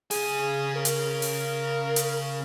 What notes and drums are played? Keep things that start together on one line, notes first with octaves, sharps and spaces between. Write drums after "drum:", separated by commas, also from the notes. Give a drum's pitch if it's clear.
C#3 G#4 G#5, drum: open hi-hat
A#4
drum: hi-hat
drum: open hi-hat
drum: hi-hat